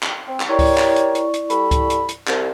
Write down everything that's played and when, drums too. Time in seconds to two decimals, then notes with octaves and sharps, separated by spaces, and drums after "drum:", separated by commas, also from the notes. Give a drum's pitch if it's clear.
0.03 drum: clap
0.28 C4
0.40 drum: clap
0.49 E4 G4 A#4 C#5 D5 C#6
0.59 drum: kick C#2, open hi-hat
0.78 drum: clap
0.96 drum: hi-hat
1.15 drum: hi-hat
1.34 drum: hi-hat
1.50 G3 A4 B5, drum: hi-hat
1.71 drum: kick C#2, hi-hat
1.90 drum: hi-hat
2.09 drum: hi-hat
2.27 C2, drum: clap